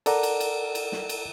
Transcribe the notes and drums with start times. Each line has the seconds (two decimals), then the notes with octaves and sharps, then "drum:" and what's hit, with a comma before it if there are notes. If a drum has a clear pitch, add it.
0.06 A4 A#4 D5 F#5 A#5, drum: cymbal
0.23 drum: cymbal
0.40 drum: cymbal
0.75 drum: cymbal
0.92 drum: snare
1.09 drum: cymbal